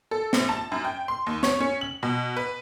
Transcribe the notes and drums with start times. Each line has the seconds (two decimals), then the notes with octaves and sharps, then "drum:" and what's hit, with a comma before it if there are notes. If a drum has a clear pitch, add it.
0.11 A4
0.33 A#1, drum: snare
0.49 A5
0.72 F#2
0.85 G5
1.08 C6
1.27 D#2
1.43 C#5, drum: snare
1.60 C#4
1.81 F#7
2.03 B2
2.37 B4